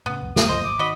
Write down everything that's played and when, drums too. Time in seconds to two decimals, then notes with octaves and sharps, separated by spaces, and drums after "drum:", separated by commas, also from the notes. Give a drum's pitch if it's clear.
0.06 A2 C#3 B3
0.22 C2 F2
0.36 F1 G4 D#6, drum: snare
0.49 G1 C#2 C5 D#5
0.64 G#1 D6
0.79 D#3 F#4 D#5 B5